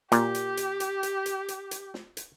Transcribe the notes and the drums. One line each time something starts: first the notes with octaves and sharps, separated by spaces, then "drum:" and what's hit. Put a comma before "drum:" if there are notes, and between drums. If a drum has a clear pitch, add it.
A#2 G4, drum: hi-hat
drum: hi-hat
drum: hi-hat
drum: hi-hat
drum: hi-hat
drum: hi-hat
drum: hi-hat
drum: hi-hat
drum: snare
drum: hi-hat